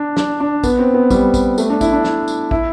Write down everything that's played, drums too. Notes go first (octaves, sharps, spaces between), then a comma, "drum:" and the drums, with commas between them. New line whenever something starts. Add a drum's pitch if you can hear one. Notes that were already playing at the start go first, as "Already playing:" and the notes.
Already playing: D4
D4, drum: snare
D4
B3, drum: kick, tambourine
C4
B3
G3, drum: kick, tambourine
drum: kick, tambourine
A3, drum: tambourine
D4
E4, drum: kick, tambourine
D4
E4, drum: snare
drum: tambourine
E4, drum: kick